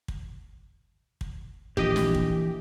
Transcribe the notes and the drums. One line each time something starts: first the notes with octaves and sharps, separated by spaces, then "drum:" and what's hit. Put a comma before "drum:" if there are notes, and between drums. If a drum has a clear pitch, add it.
drum: kick
drum: kick
A#1 E3 G4 D#5, drum: kick
drum: snare
drum: kick